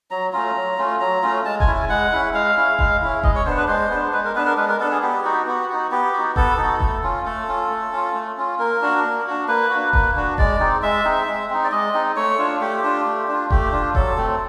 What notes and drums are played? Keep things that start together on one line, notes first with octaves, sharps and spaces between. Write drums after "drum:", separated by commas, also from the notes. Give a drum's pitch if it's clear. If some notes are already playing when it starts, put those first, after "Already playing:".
F#3 A#5
A3 C#4 F4 A#5
F#3
A3 C#4 F4
F#3 A#5
A3 C#4 F4
G#3 A5
G#5, drum: kick E1
C#4 E4
G#5
G#3 F#5
C#4 E4
G#3 F5
C#4 E4
G#3, drum: kick E1
C#4 E4
G#3 D#5, drum: kick E1
C#5
B3 D4 C5
B4
G#3 C5
B3 D4
G#3 B4
A#4
B3 D4 B4
A#4
G#3 B4
A#4
B3 D4 A4
G#4
B3 G4
D#4 F#4
B3 F#4
D#4 F#4
B3 G4
D#4 F#4
B3 A4, drum: kick E1
D#4
F#4
A3, drum: kick E1
C#4 F4
A3 A4
C#4 F4
A3
C#4 F4
A3
C#4 F4
A#3 A#4
D4 F#4
A#3
D4 F#4
A#3 B4
D4 F#4
A#3, drum: kick E1
D4 F#4
G#3 D5, drum: kick E1
C4 D#4
G#3 E5
C4 D#4
G#3
C4 D#4
D5
G#3 D#5
C4 D#4
A3 C#5
D4 F4
A3 G4
D4 F4
A3
D4
F4
A3 G4, drum: kick E1
D4 F4
F#3 A4, drum: kick E1
A3 C4